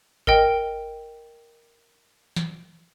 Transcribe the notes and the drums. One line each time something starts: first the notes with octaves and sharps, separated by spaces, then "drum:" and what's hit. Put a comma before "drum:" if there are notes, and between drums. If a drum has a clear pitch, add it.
A#4 D#5 G5, drum: kick G#1
drum: snare